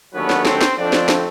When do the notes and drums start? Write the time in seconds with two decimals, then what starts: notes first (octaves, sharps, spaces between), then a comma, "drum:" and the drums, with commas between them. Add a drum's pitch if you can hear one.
0.14 D#2 D3 F#3 A3 B3 C#4 B4
0.30 drum: snare
0.45 C4 C5, drum: snare
0.61 drum: snare
0.77 F2 D3 F3 A3 C4 D4 D5
0.93 drum: snare
1.09 drum: snare